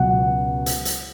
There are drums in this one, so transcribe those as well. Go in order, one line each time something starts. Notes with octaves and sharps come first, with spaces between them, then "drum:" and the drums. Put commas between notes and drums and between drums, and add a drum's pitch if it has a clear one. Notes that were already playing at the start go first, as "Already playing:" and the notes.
Already playing: C#2 B2 F#3 F#5
drum: hi-hat
drum: hi-hat